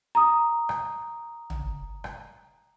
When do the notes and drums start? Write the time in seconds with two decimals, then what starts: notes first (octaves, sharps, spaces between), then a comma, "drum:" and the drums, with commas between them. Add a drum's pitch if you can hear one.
0.15 A#5 D#6
0.69 drum: rim click
1.50 drum: tom
2.04 drum: rim click